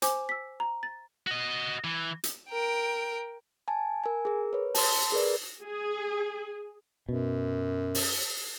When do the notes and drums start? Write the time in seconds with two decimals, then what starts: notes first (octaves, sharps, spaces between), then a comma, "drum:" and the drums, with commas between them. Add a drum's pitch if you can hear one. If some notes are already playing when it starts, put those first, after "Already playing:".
0.02 C5 G#5 D6, drum: hi-hat
0.29 E6 B6
0.60 A#5
0.83 A6
1.27 F#4 D#5
1.84 E3
2.24 drum: hi-hat
2.50 A#4 G5
3.68 G#5 A5
4.04 A#4 G#5
4.25 G#4 A#4
4.53 B4 C#5
4.75 A5 C6, drum: open hi-hat
5.12 G#4 A#4 B4 D5
5.62 G#4
7.09 F#2 B2
7.95 drum: open hi-hat